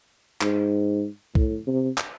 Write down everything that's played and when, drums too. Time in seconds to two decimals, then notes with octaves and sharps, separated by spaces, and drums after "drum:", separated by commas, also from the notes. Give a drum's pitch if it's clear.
0.41 G#2, drum: clap
1.35 A2, drum: kick
1.67 C3
1.98 drum: clap